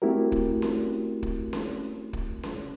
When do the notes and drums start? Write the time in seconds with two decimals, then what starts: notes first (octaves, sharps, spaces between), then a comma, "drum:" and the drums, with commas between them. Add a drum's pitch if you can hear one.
0.02 A3 C4 E4 F#4 G4 A#4
0.32 drum: kick
0.62 drum: snare C#4
1.23 drum: kick
1.53 drum: snare C#4
2.13 drum: kick
2.43 drum: snare C#4